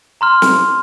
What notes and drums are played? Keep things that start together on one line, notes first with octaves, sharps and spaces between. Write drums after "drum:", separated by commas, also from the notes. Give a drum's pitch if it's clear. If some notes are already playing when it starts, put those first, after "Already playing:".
A#5 C6 F6
drum: snare